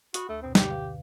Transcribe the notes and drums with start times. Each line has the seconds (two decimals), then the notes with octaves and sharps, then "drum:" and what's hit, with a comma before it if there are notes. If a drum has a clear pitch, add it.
0.14 F#4 B5 D#6, drum: hi-hat
0.29 D2 A3
0.42 F#2 B2 C4
0.55 D3 G4, drum: snare
0.70 B4 F5